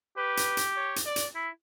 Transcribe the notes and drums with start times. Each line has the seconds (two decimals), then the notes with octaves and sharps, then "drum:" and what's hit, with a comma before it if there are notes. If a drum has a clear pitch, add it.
0.17 G4 B4
0.37 drum: hi-hat
0.57 drum: hi-hat
0.76 C#5
0.96 drum: hi-hat
1.06 D5
1.16 drum: hi-hat
1.35 E4